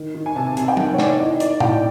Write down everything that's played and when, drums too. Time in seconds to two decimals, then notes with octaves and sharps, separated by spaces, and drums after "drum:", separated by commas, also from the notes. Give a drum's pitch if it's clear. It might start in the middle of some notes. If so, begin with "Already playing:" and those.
Already playing: D#3
0.15 D#3
0.26 G#5
0.36 C3 A5
0.47 G#5
0.57 C3 G#5, drum: hi-hat
0.68 G5
0.77 D#3 F#5, drum: tom F#3
0.94 C#5
0.98 D#3 D5, drum: snare
1.19 E3 D#5
1.31 D#5
1.40 E3 D5, drum: hi-hat
1.60 A2 G5, drum: tom A#2